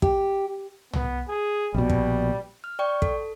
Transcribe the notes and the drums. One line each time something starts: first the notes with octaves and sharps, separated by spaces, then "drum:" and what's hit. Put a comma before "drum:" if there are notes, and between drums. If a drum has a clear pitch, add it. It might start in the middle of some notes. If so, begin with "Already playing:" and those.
G4, drum: kick
B3, drum: tom C2
G#4
A#1 B2 G3
drum: kick
F6
D5 G5 C#6
A4, drum: kick